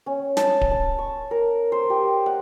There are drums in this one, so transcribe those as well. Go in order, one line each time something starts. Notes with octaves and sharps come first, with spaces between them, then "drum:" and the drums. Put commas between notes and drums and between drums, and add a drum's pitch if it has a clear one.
C#4
A5, drum: snare
drum: kick D1
A5
C#6
A#4
C5
G4
F#5